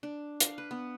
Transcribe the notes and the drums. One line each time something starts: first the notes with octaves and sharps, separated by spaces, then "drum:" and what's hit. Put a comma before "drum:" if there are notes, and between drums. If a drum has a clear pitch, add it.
D4
F5, drum: hi-hat
B4
B3